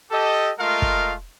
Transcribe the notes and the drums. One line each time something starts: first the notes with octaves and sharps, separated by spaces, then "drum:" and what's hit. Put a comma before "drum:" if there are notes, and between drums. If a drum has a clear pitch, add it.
G4 A4 D#5
G#3 A3 F4 A#4 D#5 F5
drum: kick